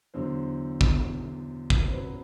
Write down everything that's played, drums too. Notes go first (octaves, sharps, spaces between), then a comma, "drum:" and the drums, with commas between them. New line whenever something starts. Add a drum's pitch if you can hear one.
E2 D3 F#3 C5
drum: kick
drum: kick
C5
F#2 F#3 B4